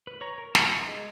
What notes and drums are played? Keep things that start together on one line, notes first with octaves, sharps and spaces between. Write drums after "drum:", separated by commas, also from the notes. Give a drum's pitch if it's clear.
B4
C#5 A#5
A#4
E3 E5 C6 E6 F6, drum: snare
D#4
G#3 G#4 D#5